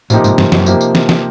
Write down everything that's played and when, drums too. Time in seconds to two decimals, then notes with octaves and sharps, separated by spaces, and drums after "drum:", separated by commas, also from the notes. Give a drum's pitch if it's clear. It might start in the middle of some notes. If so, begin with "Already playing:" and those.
0.10 A2 C3 F3 A#3 D#4 G4, drum: tambourine
0.24 G#2, drum: tambourine
0.38 G2, drum: snare
0.52 F#2, drum: snare
0.66 C3 F3 A#3 D#4 G4, drum: tambourine
0.81 drum: tambourine
0.95 drum: snare
1.09 drum: snare